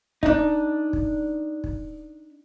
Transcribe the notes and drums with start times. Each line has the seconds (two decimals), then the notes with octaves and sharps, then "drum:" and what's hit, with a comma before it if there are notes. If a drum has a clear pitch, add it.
0.23 D4 D#4, drum: kick
0.93 drum: kick
1.64 drum: kick